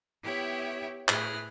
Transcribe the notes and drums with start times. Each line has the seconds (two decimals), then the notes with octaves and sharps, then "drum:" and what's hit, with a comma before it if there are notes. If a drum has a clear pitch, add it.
0.24 B3 E4 G4 C#5 E5 G5
1.09 A2 E4 G#4 B4 F6 A#6, drum: clap